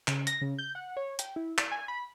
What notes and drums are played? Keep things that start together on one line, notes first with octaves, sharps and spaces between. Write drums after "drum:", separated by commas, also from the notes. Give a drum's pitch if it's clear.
C#3, drum: clap
A#6, drum: hi-hat
C#3
G6
F#5
C#5
G5, drum: hi-hat
E4
D5, drum: clap
G#5
B5